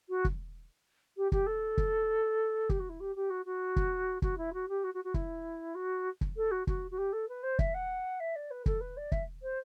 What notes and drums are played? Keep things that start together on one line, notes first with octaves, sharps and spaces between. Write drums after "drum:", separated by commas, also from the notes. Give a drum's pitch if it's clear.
F#4
drum: kick
G4
G4, drum: kick
A4
drum: kick
G4, drum: kick
F#4
E4
G4
G4
F#4
F#4
drum: kick
F#4, drum: kick
E4
F#4
G4
F#4
F#4
F#4
E4, drum: kick
F#4
drum: kick
A4
F#4
F#4, drum: kick
F#4
G4
A4
B4
C5
E5, drum: kick
F#5
E5
D5
B4
A4, drum: kick
B4
D5
E5, drum: kick
C5